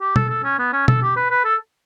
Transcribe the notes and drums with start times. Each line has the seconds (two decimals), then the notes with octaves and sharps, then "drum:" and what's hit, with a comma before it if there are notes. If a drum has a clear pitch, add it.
0.01 G4
0.16 A4, drum: tom B2
0.29 A4
0.44 C#4
0.59 B3
0.73 C#4
0.88 A4, drum: tom B2
1.02 G4
1.16 B4
1.31 B4
1.45 A4